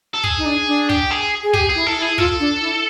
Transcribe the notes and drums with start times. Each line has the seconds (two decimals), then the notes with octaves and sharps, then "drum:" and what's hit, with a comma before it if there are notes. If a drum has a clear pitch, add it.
0.14 A4
0.24 G#4, drum: kick
0.38 D#4
0.45 D4
0.67 D4
0.89 G4, drum: kick
1.11 G#4
1.43 G#4
1.54 G4 G#4, drum: kick
1.69 G#4
1.75 E4
1.86 A4
1.96 E4
2.02 G#4
2.18 F4 A4, drum: kick
2.40 D4
2.61 E4